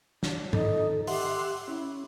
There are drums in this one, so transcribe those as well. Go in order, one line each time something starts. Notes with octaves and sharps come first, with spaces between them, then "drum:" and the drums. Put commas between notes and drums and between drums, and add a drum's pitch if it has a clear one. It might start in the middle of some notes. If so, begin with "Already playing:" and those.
D4, drum: snare
D#3 D#4 A4, drum: tom G#2
G4 E5 F#5 C6, drum: open hi-hat
C#4 E4